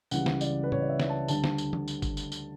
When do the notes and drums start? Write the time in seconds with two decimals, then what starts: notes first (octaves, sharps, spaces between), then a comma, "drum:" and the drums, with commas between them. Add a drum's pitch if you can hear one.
0.11 C#2 C#3 E3 G3 F#5, drum: tambourine
0.26 drum: snare
0.41 D5, drum: tambourine
0.64 B4
0.72 C#5, drum: tom A2
0.81 D5
0.89 E5
1.00 drum: snare
1.09 A5
1.28 D2 D3 G3 A5, drum: tambourine
1.44 drum: snare
1.58 drum: tambourine
1.73 drum: tom E3
1.88 drum: tambourine
2.02 drum: kick, tambourine
2.17 drum: tambourine
2.32 drum: tambourine